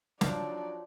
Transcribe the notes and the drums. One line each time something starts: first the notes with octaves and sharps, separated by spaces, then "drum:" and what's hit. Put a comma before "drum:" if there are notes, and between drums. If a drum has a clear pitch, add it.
F3 F#3 D4 D#4 D5, drum: snare